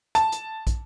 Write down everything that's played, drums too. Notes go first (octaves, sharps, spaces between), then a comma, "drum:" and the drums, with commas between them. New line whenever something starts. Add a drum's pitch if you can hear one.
A5, drum: hi-hat
drum: hi-hat
drum: kick, hi-hat